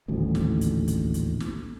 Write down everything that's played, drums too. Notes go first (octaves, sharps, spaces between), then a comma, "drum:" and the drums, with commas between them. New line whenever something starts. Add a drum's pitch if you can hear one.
D#1 A1 D2
drum: snare
drum: hi-hat
drum: kick, hi-hat
drum: hi-hat
drum: snare